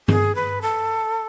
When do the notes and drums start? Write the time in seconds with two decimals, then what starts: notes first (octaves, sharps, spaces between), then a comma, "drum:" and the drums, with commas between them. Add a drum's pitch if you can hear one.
0.08 G#4, drum: tom G2
0.35 B4
0.62 A4